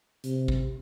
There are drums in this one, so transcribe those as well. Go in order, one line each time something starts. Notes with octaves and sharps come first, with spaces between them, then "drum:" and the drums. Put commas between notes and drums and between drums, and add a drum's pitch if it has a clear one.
C3, drum: hi-hat
drum: kick